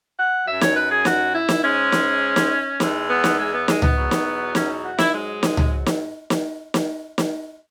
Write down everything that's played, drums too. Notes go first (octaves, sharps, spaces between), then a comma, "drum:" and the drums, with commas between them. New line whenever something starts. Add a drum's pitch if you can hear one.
F#5
F#2 F#3 E5
C#5, drum: snare
B4
G#4
F#4, drum: snare
E4
drum: snare
G#2 G#3 C#4
drum: snare
drum: snare
E2 E3 G#3, drum: snare
B3
drum: snare
G#3
B3
G#3, drum: snare
B3, drum: tom C#2
E2 B2 F#3
drum: snare
C#4, drum: snare
F#4
E4, drum: snare
G#2 F#3 G#3
drum: snare
drum: tom C#2
drum: snare
drum: snare
drum: snare
drum: snare